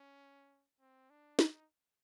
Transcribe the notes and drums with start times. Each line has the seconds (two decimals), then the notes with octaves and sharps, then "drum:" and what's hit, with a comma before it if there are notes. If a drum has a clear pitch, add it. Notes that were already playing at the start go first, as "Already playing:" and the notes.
Already playing: C#4
0.80 C4
1.10 D4
1.39 D#4, drum: snare